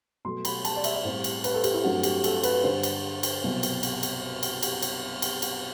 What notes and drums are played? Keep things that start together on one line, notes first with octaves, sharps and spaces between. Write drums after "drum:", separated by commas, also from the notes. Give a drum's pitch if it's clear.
B2 F#3 A3 C6
B5, drum: cymbal
A5, drum: cymbal
D5
E5, drum: cymbal
D5
A2 G3 C4 C5
drum: cymbal
B4, drum: cymbal
A4
G4, drum: cymbal
E4
G2 F#3 A3 C4 F#4
G4, drum: cymbal
A4, drum: cymbal
B4, drum: cymbal
G2 D3 G3 D4 C5
drum: cymbal
drum: cymbal
C2 B2 F#3 B3
drum: cymbal
drum: cymbal
drum: cymbal
drum: cymbal
drum: cymbal
drum: cymbal
drum: cymbal
drum: cymbal